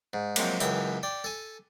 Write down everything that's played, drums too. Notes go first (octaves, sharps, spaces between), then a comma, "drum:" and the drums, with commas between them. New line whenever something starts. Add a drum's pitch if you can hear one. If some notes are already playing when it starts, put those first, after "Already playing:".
G#2
C3 F3 F#3 G#3 A#3, drum: cymbal
C#2 F#2 E3 E5 G5, drum: tambourine
D5 G5
A4 G#5